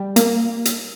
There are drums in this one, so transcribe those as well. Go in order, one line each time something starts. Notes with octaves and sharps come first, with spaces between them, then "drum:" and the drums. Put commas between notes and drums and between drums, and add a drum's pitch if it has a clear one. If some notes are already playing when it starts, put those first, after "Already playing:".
Already playing: G3
A#3, drum: hi-hat
drum: hi-hat